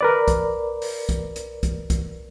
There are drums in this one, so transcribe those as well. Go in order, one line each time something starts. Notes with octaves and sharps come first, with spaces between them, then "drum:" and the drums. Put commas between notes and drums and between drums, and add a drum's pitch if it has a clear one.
A#4 B4 D5
drum: kick C2, hi-hat
drum: open hi-hat
drum: kick C2, hi-hat
drum: hi-hat
drum: kick C2, hi-hat
drum: kick C2, hi-hat